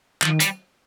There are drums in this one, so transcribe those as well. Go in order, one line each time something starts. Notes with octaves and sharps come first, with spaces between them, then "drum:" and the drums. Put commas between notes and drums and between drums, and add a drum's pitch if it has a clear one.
D#3 F3, drum: clap
G3, drum: hi-hat